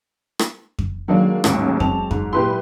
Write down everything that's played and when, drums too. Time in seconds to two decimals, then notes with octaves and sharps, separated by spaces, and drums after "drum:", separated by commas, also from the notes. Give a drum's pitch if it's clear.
0.39 drum: rim click
0.79 drum: kick F2
1.08 D#3 F#3 G#3 A#3 D4
1.44 A1 D#2 G#2 C#6 D6, drum: rim click
1.80 C4 A5 F7, drum: kick F2
2.11 G#2, drum: kick F2
2.33 A#2 E4 G4 B4 C6